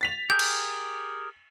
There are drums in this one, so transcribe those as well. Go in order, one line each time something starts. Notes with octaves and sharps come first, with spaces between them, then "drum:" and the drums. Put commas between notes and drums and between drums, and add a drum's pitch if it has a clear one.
A6 B6 F7
G4 G#4 A#4 G6
drum: cymbal